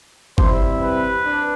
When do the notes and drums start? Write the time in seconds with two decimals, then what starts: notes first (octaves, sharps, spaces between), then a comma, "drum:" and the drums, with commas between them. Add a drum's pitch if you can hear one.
0.38 C3 G3 C4 E4 C5, drum: kick
0.81 B4
1.25 D4